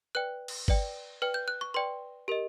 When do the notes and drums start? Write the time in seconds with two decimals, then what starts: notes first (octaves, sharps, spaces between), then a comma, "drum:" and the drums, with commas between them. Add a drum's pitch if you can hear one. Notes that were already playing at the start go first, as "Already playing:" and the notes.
0.15 B4 D5 G5 F#6
0.48 drum: cymbal
0.68 B4 D5 G5, drum: kick G1
1.22 B4 D5 G5 F6
1.34 G6
1.48 F#6
1.61 C#6
1.74 B4 D5 G5 C6
2.28 G4 A#4 D#5